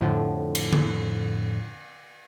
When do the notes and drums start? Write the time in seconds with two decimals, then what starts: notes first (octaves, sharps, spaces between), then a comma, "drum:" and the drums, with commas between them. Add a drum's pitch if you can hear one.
0.01 F2 A2 D3 F3
0.55 drum: cymbal
0.73 drum: tom D3